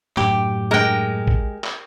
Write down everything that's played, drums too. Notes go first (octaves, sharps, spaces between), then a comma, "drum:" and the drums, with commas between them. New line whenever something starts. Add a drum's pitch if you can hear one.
F#2 A2 G4, drum: clap
G#3 A#4 G5
drum: kick A1
drum: clap